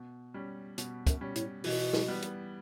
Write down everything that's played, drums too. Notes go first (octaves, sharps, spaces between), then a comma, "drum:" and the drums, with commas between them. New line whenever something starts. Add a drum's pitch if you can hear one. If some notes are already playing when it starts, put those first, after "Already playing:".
Already playing: B2
G3 C#4
B2, drum: hi-hat
F#2, drum: kick, hi-hat
G3 C#4
A2, drum: hi-hat
B2 E3, drum: open hi-hat
drum: snare
G3 B3
drum: hi-hat